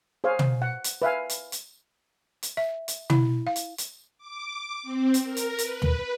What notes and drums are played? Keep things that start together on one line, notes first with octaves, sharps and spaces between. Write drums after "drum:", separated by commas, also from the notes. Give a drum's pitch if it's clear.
G#4 C5 C#5 F5 G#5
drum: tom
F#5
drum: hi-hat
B4 E5 F5 G#5
drum: hi-hat
drum: hi-hat
drum: hi-hat
E5
drum: hi-hat
E4, drum: tom
F5
drum: hi-hat
drum: hi-hat
D6
C4
drum: hi-hat
A#4
drum: hi-hat
B4, drum: hi-hat
drum: tom